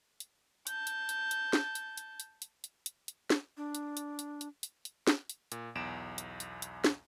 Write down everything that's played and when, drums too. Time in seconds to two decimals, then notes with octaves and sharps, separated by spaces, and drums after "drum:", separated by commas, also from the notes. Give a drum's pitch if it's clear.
0.20 drum: hi-hat
0.67 A5 G6, drum: hi-hat
0.87 drum: hi-hat
1.09 drum: hi-hat
1.31 drum: hi-hat
1.53 drum: snare
1.75 drum: hi-hat
1.97 drum: hi-hat
2.20 drum: hi-hat
2.42 drum: hi-hat
2.64 drum: hi-hat
2.86 drum: hi-hat
3.08 drum: hi-hat
3.30 drum: snare
3.57 D4
3.75 drum: hi-hat
3.97 drum: hi-hat
4.19 drum: hi-hat
4.41 drum: hi-hat
4.63 drum: hi-hat
4.85 drum: hi-hat
5.07 drum: snare
5.29 drum: hi-hat
5.52 A#2, drum: hi-hat
5.75 B1 E2 D7 E7
6.18 drum: hi-hat
6.40 drum: hi-hat
6.62 drum: hi-hat
6.84 drum: snare